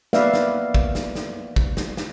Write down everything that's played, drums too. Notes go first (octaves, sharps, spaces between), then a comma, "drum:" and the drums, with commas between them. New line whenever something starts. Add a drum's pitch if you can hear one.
A#3 B3 B4 D5 E5 F5, drum: snare
drum: snare
drum: kick
drum: snare
drum: snare
drum: kick
drum: snare
drum: snare